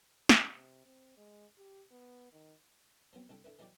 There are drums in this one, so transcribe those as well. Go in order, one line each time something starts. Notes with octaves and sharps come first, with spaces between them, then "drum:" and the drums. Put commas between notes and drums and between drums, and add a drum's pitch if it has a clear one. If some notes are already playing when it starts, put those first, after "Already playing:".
drum: snare
C3
C4
G#3
G4
B3
D#3
F3 F#3 B3 C4
C2 D3 A4 G5
D3 E4 B4
E3 F#3 D#4 G#4 D5 G5